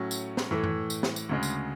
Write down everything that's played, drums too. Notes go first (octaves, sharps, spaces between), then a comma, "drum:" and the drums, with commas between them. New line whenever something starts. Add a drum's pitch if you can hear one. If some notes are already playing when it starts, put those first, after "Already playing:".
Already playing: A2 F#3 C#4
drum: tambourine
drum: snare
A2 E3 A3
drum: tom F#2
drum: tambourine
drum: snare
drum: tambourine
D2 C#3 G#3
drum: tambourine